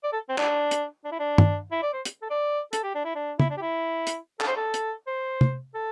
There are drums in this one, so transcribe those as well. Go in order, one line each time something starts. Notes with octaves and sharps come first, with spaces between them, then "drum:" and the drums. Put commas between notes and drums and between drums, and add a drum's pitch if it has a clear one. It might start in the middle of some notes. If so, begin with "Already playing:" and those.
D5
A4
C4
D4, drum: clap
drum: hi-hat
D4
E4
D4
drum: tom
E4
D5
C5
drum: hi-hat
A4
D5
A4, drum: hi-hat
G4
D4
E4
D4
E4, drum: tom
D4
G4
E4
drum: hi-hat
A4, drum: clap
C5
A4
drum: hi-hat
C5
drum: tom C3
A4